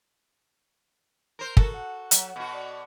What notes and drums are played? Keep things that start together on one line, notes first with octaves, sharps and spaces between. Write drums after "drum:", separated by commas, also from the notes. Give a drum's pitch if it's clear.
A#4 C5
F#4 A4 A#4, drum: kick
F#5
F#3, drum: hi-hat
B2 F#4
D5